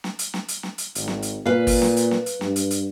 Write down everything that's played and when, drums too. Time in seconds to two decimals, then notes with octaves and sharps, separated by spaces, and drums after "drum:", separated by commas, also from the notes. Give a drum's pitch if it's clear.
0.04 drum: snare
0.19 drum: hi-hat
0.34 drum: snare
0.48 drum: hi-hat
0.63 drum: snare
0.78 drum: hi-hat
0.95 G#1, drum: hi-hat
1.08 drum: snare
1.22 drum: hi-hat
1.46 A#2 B4 F5
1.67 drum: kick, open hi-hat
1.82 drum: snare
1.96 drum: hi-hat
2.11 drum: snare
2.26 drum: hi-hat
2.41 G2, drum: snare
2.56 drum: hi-hat
2.71 drum: hi-hat